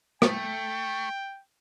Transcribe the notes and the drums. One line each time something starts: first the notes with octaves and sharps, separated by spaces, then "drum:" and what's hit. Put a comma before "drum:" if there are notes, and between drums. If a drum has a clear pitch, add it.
A3 G5, drum: rim click